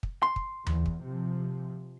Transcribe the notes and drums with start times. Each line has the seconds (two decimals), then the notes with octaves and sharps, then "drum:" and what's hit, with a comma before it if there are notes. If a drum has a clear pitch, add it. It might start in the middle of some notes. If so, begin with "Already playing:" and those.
0.03 drum: kick
0.23 C6
0.36 drum: kick
0.67 E2, drum: tom D#2
0.86 drum: kick
1.02 C3 F3